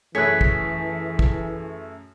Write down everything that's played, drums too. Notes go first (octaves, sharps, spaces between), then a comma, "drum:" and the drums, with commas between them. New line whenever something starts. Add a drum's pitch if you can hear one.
F#2 E3 A3 G#4 B4 C#5 B6
drum: kick
drum: kick